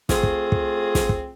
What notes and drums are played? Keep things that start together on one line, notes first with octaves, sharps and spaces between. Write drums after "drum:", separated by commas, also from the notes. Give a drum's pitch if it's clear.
A3 C4 F4 G#4, drum: snare
drum: kick
drum: kick
drum: snare
drum: kick